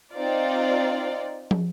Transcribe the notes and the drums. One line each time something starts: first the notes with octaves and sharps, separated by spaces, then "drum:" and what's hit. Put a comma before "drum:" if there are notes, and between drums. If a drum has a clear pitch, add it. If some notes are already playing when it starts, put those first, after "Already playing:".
C4 D#4 F4 D5
drum: tom